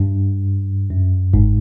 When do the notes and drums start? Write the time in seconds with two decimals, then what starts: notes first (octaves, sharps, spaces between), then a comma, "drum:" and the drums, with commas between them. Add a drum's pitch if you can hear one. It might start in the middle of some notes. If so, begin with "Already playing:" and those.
Already playing: G2
0.90 F#2
1.33 G#2, drum: kick G1